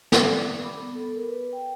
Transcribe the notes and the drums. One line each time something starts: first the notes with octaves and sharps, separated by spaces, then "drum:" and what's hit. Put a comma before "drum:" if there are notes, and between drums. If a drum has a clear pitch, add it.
A4, drum: snare
D5
D6
B5
B3
A4
A#4
B4
G5